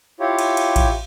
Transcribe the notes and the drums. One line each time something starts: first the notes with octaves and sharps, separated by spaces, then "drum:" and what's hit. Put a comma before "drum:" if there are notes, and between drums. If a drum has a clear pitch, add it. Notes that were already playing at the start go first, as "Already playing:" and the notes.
E4 F4 G4 C#5
drum: cymbal
drum: cymbal
drum: kick A1, cymbal